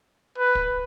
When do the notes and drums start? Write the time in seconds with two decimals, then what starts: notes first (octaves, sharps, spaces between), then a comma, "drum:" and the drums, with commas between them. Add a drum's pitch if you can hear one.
0.38 B4
0.55 drum: kick